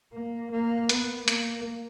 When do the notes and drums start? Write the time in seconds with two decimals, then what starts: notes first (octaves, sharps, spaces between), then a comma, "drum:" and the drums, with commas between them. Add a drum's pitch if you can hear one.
0.13 A#3
0.52 A#3
0.89 B3, drum: hi-hat
1.28 A#3, drum: hi-hat